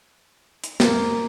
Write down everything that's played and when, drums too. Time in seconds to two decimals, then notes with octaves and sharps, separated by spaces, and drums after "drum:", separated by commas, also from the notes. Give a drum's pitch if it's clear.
0.64 drum: hi-hat
0.80 A#3, drum: snare